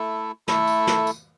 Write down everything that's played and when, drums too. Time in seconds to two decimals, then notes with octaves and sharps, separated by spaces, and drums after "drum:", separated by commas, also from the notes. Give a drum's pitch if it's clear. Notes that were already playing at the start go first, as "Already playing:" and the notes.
Already playing: A3 E4 A4
0.48 A3 E4 A4, drum: snare
0.67 drum: tambourine
0.87 drum: snare
1.07 drum: tambourine